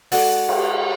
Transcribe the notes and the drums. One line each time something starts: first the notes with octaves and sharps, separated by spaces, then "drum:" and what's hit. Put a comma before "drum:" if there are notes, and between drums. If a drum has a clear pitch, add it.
G#3 F#4 A4 D5 F#5, drum: open hi-hat
drum: cymbal